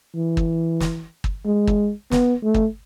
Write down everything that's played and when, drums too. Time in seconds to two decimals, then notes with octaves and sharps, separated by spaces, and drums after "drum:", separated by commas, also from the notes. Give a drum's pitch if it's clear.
0.15 E3
0.37 drum: kick
0.80 drum: snare
1.24 drum: kick
1.46 G#3
1.67 drum: kick
2.12 B3, drum: snare
2.43 A3
2.54 drum: kick